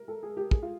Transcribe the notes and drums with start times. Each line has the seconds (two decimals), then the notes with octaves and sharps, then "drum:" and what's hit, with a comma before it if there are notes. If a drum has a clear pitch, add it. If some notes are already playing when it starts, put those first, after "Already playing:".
Already playing: A#4
0.08 A4
0.23 G#4
0.37 G4
0.51 G#4, drum: kick
0.63 F4